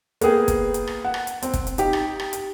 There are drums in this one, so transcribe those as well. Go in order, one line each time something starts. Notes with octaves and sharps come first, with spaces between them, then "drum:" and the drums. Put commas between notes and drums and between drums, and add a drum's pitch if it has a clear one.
A#3 B3 G#4 G5, drum: hi-hat
drum: kick, hi-hat
drum: hi-hat
drum: rim click
F#5
drum: rim click
drum: hi-hat
C4, drum: hi-hat
drum: kick, hi-hat
drum: hi-hat
D#4 G4, drum: hi-hat
drum: rim click
drum: rim click
drum: hi-hat